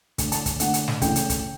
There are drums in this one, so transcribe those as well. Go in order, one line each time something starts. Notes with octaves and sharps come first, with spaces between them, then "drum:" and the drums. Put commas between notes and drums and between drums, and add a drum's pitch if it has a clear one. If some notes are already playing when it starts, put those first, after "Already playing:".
D3 A3, drum: kick, hi-hat
A5, drum: hi-hat
drum: kick, hi-hat
D3 A3 F#5, drum: hi-hat
drum: hi-hat
drum: snare
C#3 E3 A3 G5, drum: kick, hi-hat
drum: hi-hat
drum: kick, hi-hat